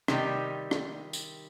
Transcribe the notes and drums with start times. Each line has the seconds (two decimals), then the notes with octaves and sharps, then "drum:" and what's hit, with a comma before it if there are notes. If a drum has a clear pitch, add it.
0.08 C3 D#3 G3, drum: rim click
0.71 drum: rim click
1.13 drum: tambourine